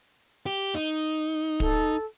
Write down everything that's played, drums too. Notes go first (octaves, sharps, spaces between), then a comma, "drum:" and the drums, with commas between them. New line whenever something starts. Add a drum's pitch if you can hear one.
G4
D#4
A4, drum: kick